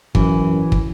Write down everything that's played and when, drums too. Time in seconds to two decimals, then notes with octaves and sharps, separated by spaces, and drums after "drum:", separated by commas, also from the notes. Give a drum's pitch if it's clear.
0.15 F#2 E3, drum: kick
0.72 drum: kick